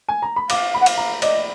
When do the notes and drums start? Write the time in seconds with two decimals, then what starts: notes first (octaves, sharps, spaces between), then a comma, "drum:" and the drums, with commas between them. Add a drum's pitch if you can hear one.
0.09 G#5
0.22 A#5
0.36 B5
0.50 F5 D6, drum: cymbal
0.74 B5
0.81 F#5
0.86 F5, drum: cymbal
0.97 A#5
1.22 D5 D#5, drum: cymbal